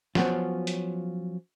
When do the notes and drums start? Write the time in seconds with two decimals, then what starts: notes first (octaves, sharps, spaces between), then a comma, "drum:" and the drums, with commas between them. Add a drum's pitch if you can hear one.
0.15 F3 F#3 B3 C#4 F4, drum: snare
0.67 drum: hi-hat